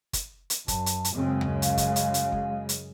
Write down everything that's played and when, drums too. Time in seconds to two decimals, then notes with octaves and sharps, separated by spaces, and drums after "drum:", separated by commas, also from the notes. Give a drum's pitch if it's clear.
0.13 drum: kick, hi-hat
0.50 drum: hi-hat
0.68 F#2 A5, drum: kick, hi-hat
0.86 drum: hi-hat
1.05 drum: hi-hat
1.15 F#2 C#3 G#3 C4
1.41 drum: tom D2
1.62 F5, drum: hi-hat
1.78 drum: kick, hi-hat
1.96 drum: hi-hat
2.14 drum: hi-hat
2.32 drum: kick
2.69 drum: hi-hat